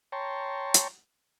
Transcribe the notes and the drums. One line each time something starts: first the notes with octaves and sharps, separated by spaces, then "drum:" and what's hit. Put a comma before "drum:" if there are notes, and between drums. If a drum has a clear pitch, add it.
C#5 G5 A5 A#5 C6 C#6
drum: hi-hat